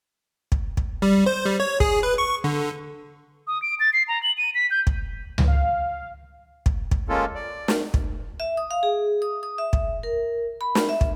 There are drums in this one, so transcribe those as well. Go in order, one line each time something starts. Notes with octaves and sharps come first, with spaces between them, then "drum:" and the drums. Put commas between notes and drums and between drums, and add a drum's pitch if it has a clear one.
drum: kick
drum: kick
G3
C5
G3
C#5
G#4, drum: kick
B4
C#6
D3
D#6
D7
A6
C7
A#5
F#7
D#7
B6
G6
drum: kick
drum: tom C#2
F5
drum: kick
drum: kick
G#3 A#3 C#4 F4 A4
D5
drum: snare
drum: kick
E5
D#6
F5
G#4
D#6
D#6
E5
drum: kick
A#4
B5
drum: snare
E5
drum: kick